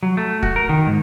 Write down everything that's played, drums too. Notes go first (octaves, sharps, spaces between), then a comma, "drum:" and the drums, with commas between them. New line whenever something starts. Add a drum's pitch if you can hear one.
F#3
A3
F#4, drum: kick
A#4
D#3
G#2